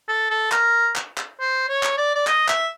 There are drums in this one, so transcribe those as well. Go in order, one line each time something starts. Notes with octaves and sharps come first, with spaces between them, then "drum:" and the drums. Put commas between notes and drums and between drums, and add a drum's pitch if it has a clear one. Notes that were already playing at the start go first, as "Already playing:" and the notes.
A4
A4
A#4, drum: clap
drum: clap
drum: clap
C5
C#5
drum: clap
D5
D5
D#5, drum: clap
E5, drum: clap